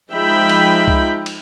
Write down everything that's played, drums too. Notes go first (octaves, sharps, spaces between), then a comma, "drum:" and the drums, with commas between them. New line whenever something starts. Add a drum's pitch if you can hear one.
F3 G#3 D#4 E5 G5 B5
drum: cymbal
drum: kick
drum: cymbal